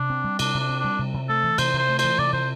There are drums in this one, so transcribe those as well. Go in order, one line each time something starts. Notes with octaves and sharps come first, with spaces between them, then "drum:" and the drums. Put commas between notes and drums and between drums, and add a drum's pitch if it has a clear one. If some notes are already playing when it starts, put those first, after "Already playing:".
Already playing: C3 D4
C4
G3
C3 D4, drum: cymbal
C3
D4
C4
D4
G3
C3
C3
A3 A4
E3
C3 C5, drum: cymbal
C3
C5
A3
C5, drum: cymbal
E3
C3 D5
C3 C5